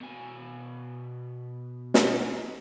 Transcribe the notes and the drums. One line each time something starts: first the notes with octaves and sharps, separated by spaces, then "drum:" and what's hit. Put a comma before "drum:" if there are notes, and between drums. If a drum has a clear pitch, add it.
B2 G#5
drum: snare